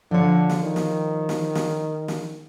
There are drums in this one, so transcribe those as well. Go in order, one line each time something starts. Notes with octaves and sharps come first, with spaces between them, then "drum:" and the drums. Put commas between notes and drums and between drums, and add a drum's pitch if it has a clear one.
D3 F3 C#5
drum: snare
D#3
drum: snare
drum: snare
drum: snare
drum: snare